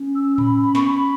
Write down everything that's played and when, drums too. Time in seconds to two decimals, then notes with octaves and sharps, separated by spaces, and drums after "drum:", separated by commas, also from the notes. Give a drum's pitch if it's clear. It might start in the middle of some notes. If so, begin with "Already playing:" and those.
Already playing: C#4
0.15 E6
0.38 B5, drum: tom A2
0.61 B5
0.75 C#6, drum: snare
0.88 B5